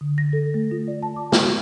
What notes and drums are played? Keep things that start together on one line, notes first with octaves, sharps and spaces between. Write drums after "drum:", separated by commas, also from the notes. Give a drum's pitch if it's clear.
D3
A#6
A4
A3
F4
D5
A5
D6
G5, drum: snare
F#4